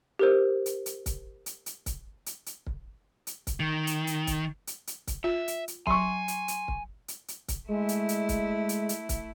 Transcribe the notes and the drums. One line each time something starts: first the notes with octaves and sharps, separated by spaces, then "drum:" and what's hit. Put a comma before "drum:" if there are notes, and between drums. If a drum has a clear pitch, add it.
G4 A#4 C5
drum: hi-hat
drum: hi-hat
drum: kick, hi-hat
drum: hi-hat
drum: hi-hat
drum: kick, hi-hat
drum: hi-hat
drum: hi-hat
drum: kick
drum: hi-hat
drum: kick, hi-hat
D#3
drum: hi-hat
drum: hi-hat
drum: kick, hi-hat
drum: hi-hat
drum: hi-hat
drum: kick, hi-hat
F4 E5
drum: hi-hat
drum: hi-hat
F#3 G#5 C6 C#6, drum: kick
drum: hi-hat
drum: hi-hat
drum: kick
drum: hi-hat
drum: hi-hat
drum: kick, hi-hat
G#3 A3 E4
drum: hi-hat
drum: hi-hat
drum: kick, hi-hat
drum: hi-hat
drum: hi-hat
drum: kick, hi-hat